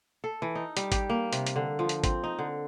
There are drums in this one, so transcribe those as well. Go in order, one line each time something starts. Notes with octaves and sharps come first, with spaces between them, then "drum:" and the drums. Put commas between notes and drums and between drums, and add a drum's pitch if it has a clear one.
A4
E3
D#4
G3, drum: hi-hat
G4, drum: kick G#1, hi-hat
A#3
C3, drum: hi-hat
drum: hi-hat
D3
F3
drum: hi-hat
C4, drum: kick G#1, hi-hat
D#4
D3